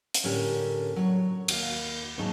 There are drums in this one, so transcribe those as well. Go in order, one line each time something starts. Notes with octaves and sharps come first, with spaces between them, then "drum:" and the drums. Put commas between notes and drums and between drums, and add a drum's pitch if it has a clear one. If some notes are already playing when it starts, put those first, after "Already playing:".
drum: hi-hat
A2 D3 C#4 G4 A#4
F#3 C#5
D#2 F#4 F5, drum: cymbal
D#2 G#2 F#3 D#4 G#4 A5